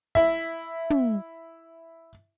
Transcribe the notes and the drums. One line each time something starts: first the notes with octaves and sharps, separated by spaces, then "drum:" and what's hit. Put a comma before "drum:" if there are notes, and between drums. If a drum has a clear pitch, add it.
E4 E5, drum: kick
drum: tom